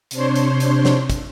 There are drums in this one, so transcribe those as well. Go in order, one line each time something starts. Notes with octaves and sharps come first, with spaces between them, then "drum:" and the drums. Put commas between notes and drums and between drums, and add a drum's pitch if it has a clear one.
C3 D4 C5 C#5 C6, drum: hi-hat
drum: hi-hat
drum: hi-hat
drum: snare
drum: kick, hi-hat